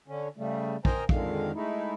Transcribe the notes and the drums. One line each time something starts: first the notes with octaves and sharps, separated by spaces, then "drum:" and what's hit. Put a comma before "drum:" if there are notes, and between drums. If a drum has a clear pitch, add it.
D3 C#4
C#3 G3 A3
A#4 C5 D#5 G5 G#5 A#5, drum: kick
F2 D3 D#3 G#3 F5, drum: kick
G#3 A3 D#4 E4